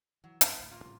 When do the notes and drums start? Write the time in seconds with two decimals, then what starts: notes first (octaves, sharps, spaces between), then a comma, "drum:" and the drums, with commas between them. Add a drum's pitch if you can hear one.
0.24 E3 F#3
0.41 F2 E4, drum: hi-hat
0.57 A1 D2 A2
0.70 A#3 F4 A#5
0.84 A2 C#3 G3